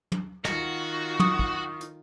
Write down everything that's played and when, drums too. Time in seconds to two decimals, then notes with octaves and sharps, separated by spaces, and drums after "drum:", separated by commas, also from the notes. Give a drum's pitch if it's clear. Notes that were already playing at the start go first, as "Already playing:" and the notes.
0.12 drum: tom
0.45 D#3 F4 F#4, drum: snare
1.20 C#6 D#6, drum: tom
1.39 drum: kick
1.81 drum: hi-hat